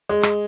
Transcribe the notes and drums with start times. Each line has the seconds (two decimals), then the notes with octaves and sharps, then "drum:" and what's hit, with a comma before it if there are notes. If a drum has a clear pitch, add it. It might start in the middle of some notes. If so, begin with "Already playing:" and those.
0.09 G#3
0.23 drum: rim click